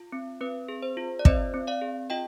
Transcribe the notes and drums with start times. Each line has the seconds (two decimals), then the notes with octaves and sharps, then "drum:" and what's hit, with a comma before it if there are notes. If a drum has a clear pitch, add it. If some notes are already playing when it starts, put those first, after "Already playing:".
Already playing: F4
0.12 C4
0.41 C4 B4
0.69 G#4
0.83 C5
0.97 F4
1.19 D5
1.25 C4 C5 D#5, drum: kick
1.54 C4
1.67 D5 F5
1.81 G#4
2.10 F4 D#5 G5